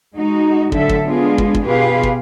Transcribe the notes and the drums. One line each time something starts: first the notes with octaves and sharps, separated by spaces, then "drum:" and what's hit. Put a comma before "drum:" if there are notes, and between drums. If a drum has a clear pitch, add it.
G#3 D#4 F#4
A2 D3 F#3 A4 E5, drum: kick
drum: kick
G#3 B3 D4 F4 G#4
drum: kick
drum: kick
B2 F4 G4 G#4 B4 F5
drum: kick